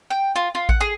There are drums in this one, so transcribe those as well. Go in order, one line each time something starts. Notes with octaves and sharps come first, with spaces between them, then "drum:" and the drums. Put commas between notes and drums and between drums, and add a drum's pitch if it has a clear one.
G5
F4
F4
F#5, drum: kick A1
G#4